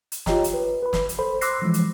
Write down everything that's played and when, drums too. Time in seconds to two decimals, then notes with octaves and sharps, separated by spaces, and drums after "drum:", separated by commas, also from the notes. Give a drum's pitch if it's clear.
0.12 drum: hi-hat
0.26 F4 G4 C#5 D#5 G5 A#5, drum: snare
0.44 drum: hi-hat
0.54 B4
0.82 B4 B5
0.93 drum: snare
1.09 drum: hi-hat
1.19 A4 C5 B5
1.41 C6 D6 E6 F#6 A#6 C7, drum: hi-hat
1.62 E3 F3 G#3
1.74 drum: hi-hat